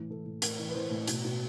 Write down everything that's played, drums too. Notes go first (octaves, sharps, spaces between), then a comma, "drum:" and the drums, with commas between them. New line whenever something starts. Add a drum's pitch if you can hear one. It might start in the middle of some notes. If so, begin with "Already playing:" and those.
Already playing: A2 E3
E3 A4
A2
A2 A#4, drum: hi-hat
E3
B4
E3 C5
A2
B2, drum: hi-hat
B2